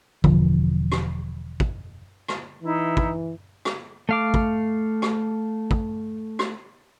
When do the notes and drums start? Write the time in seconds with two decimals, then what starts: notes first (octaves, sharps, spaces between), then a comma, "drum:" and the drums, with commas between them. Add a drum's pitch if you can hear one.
0.24 E1 B1 D3 F3, drum: kick
0.92 drum: rim click
1.60 drum: kick
2.28 drum: rim click
2.63 E3 D#4 E4
2.97 drum: kick
3.65 drum: rim click
4.09 A3 F5 D6
4.34 drum: kick
5.02 drum: rim click
5.71 drum: kick
6.39 drum: rim click